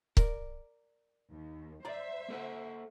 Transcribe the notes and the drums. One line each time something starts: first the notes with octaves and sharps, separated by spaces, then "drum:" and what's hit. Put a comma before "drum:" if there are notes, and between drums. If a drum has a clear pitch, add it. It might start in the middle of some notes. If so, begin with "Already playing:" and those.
A#4 D5, drum: kick
D#2
C5 D5 E5 A#5
A#3 A4 F#5